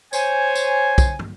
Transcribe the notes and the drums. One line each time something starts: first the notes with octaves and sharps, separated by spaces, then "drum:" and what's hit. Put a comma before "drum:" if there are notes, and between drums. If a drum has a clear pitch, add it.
C5 C#5 G#5, drum: tambourine
drum: tambourine
drum: kick B1, tambourine
drum: tom